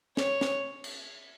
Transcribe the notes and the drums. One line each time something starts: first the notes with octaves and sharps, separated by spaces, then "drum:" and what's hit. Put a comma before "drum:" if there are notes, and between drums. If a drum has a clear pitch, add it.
C#5, drum: snare
drum: snare
drum: cymbal